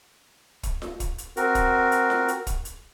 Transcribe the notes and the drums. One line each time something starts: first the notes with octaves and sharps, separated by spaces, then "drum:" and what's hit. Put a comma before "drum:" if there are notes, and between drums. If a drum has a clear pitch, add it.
drum: kick, hi-hat
drum: snare F4
drum: kick, hi-hat
drum: hi-hat
C4 F#4 A#4, drum: hi-hat
drum: kick, hi-hat
drum: hi-hat
drum: snare F4
drum: hi-hat
drum: kick, hi-hat
drum: hi-hat